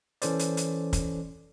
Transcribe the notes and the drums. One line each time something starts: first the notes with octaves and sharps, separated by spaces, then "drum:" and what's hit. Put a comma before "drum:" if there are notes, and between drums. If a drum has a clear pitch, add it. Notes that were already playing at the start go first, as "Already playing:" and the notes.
E3 C#4 A4 C5 D5, drum: hi-hat
drum: hi-hat
drum: hi-hat
drum: kick, hi-hat